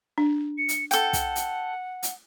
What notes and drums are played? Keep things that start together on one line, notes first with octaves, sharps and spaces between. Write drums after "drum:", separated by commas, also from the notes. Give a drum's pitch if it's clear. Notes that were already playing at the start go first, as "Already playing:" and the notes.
D4
C#7
drum: hi-hat
A4 F#5 G5, drum: hi-hat
drum: kick, hi-hat
drum: hi-hat
drum: hi-hat